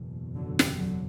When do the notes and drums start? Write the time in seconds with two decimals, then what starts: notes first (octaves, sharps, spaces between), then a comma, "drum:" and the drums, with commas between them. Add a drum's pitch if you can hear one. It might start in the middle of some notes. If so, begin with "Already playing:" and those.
Already playing: F#1 E2 B2
0.35 D3 F#3
0.59 drum: snare
0.77 D3 F#3